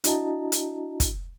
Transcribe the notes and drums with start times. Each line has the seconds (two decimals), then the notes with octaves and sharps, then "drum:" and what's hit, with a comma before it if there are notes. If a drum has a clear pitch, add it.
0.04 D4 E4 F#4 D#5 A5 A#5, drum: hi-hat
0.52 drum: hi-hat
1.00 drum: kick, hi-hat